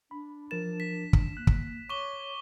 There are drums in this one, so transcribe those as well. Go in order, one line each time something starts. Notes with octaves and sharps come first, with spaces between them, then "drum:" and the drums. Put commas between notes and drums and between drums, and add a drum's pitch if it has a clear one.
D4 B5
F3 A#4 A6 E7
B6
drum: kick
A#3 F#6
drum: kick
C#5 C#6 D6 G7